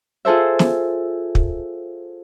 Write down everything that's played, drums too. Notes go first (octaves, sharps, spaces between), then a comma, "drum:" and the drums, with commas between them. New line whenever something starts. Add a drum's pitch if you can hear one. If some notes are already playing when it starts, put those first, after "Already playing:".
F4 G#4 A4 C5 E5
drum: snare
drum: kick